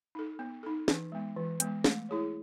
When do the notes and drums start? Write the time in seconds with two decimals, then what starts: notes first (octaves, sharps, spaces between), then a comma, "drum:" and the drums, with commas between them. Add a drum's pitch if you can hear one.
0.15 D#4 A4
0.39 B3
0.63 D#4 A4
0.88 E3, drum: snare
1.12 G#3 B3
1.36 E3
1.60 G#3 B3, drum: hi-hat
1.84 A3, drum: snare
2.09 E4 G#4 C#5